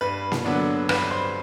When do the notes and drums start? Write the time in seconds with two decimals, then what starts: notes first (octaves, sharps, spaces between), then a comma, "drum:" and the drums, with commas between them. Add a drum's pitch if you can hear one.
0.01 G2 B4
0.32 drum: snare A#3
0.45 D3 F#3 B3 D4
0.89 G2 B4, drum: rim click
1.11 C5